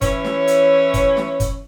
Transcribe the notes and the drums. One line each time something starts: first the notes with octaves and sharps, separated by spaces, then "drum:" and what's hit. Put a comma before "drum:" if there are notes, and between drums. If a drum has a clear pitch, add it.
E3 C#4 E4 C#5, drum: kick F#1, hi-hat
drum: snare
drum: hi-hat
drum: kick F#1, hi-hat
drum: snare
drum: kick F#1, hi-hat